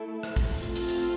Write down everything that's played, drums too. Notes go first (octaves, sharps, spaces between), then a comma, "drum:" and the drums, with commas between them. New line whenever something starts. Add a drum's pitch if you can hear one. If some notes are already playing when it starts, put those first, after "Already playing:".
Already playing: A3 E4 A4
drum: rim click
drum: kick, hi-hat
drum: open hi-hat
A3 C4 F4, drum: hi-hat
drum: hi-hat
drum: hi-hat